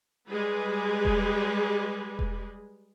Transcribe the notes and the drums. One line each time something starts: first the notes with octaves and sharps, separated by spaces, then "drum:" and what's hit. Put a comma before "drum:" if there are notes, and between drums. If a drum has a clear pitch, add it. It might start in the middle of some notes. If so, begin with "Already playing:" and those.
G3 G#3 G#4 B4
drum: kick E1
drum: kick E1